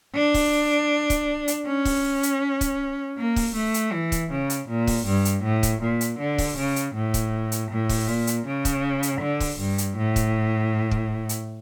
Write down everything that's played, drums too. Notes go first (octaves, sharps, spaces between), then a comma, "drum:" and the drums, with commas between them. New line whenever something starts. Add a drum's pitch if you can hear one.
D4
drum: kick, open hi-hat
drum: kick, hi-hat
drum: hi-hat
C#4
drum: kick, open hi-hat
drum: hi-hat
drum: kick, hi-hat
A#3
drum: kick, open hi-hat
A3
drum: hi-hat
E3
drum: kick, hi-hat
C#3
drum: hi-hat
A#2
drum: kick, open hi-hat
G2
drum: hi-hat
A2
drum: kick, hi-hat
A#2
drum: hi-hat
D3
drum: kick, open hi-hat
C#3
drum: hi-hat
A2
drum: kick, hi-hat
drum: hi-hat
A2
drum: kick, open hi-hat
A#2
drum: hi-hat
C#3
drum: kick, hi-hat
drum: hi-hat
D3
drum: kick, open hi-hat
G2
drum: hi-hat
A2
drum: kick, hi-hat
drum: kick
drum: hi-hat